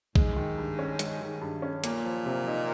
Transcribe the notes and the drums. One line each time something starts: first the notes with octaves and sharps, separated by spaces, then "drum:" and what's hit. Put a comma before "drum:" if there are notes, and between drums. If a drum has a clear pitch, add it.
G#2 G#3, drum: kick A#1
D#3
G2
C#4
G#3, drum: hi-hat
D#3
G2
C#4
A#2 A#3, drum: hi-hat
F3
C3
D#4